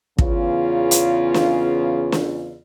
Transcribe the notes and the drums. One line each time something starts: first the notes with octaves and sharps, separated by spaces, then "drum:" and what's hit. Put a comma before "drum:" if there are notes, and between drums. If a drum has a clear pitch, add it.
E2 C#3 F4, drum: kick
drum: hi-hat
drum: snare
drum: snare